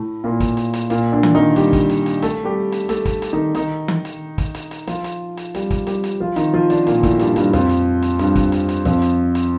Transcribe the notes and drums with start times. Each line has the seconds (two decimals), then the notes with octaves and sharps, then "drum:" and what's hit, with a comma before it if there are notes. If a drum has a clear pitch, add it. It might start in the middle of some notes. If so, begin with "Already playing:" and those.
Already playing: A2 A3
0.24 A#2 A#3
0.40 drum: kick, hi-hat
0.57 drum: hi-hat
0.74 drum: hi-hat
0.90 A#2 A#3, drum: hi-hat
1.12 D3 D4
1.23 drum: tom D#3
1.35 D#3 D#4
1.56 G3 G4, drum: hi-hat
1.73 drum: kick, hi-hat
1.89 drum: hi-hat
2.06 drum: hi-hat
2.22 A3 A4, drum: hi-hat
2.44 G3 G4
2.72 drum: hi-hat
2.89 A3 A4, drum: hi-hat
3.05 drum: kick, hi-hat
3.22 drum: hi-hat
3.33 D#3 D#4
3.55 D#3 D#4, drum: hi-hat
3.88 drum: tom D#3
4.05 drum: hi-hat
4.38 drum: kick, hi-hat
4.55 drum: hi-hat
4.71 drum: hi-hat
4.87 F3 F4, drum: hi-hat
5.04 drum: hi-hat
5.37 drum: hi-hat
5.55 G3 G4, drum: hi-hat
5.70 drum: kick, hi-hat
5.87 G3 G4, drum: hi-hat
6.04 drum: hi-hat
6.20 F3 F4
6.36 D#3 D#4, drum: hi-hat
6.53 F3 F4
6.70 D3 D4, drum: hi-hat
6.87 A#2 A#3, drum: hi-hat
7.03 A2 A3, drum: kick, hi-hat
7.19 G2 G3, drum: hi-hat
7.36 G2 G3, drum: hi-hat
7.53 F2 F3, drum: hi-hat
7.69 drum: hi-hat
8.02 drum: hi-hat
8.19 G2 G3, drum: hi-hat
8.36 drum: kick, hi-hat
8.52 drum: hi-hat
8.69 drum: hi-hat
8.85 F2 F3, drum: hi-hat
9.02 drum: hi-hat
9.35 drum: hi-hat